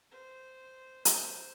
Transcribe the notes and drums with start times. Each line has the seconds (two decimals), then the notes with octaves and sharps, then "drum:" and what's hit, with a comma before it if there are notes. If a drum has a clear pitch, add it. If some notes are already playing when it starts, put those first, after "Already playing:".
0.12 C5
1.05 C5, drum: hi-hat